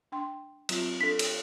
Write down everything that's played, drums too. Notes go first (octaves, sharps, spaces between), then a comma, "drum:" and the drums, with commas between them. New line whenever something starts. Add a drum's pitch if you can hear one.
D4 G5 C6
F#3 C4 F4, drum: cymbal
D4 A4 B6
drum: cymbal